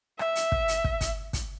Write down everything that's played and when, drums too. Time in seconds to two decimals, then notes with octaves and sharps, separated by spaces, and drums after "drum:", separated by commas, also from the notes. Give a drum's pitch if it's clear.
0.19 E5, drum: rim click
0.36 drum: hi-hat
0.52 drum: kick
0.68 drum: hi-hat
0.84 drum: kick
1.01 drum: kick, hi-hat
1.33 drum: kick, hi-hat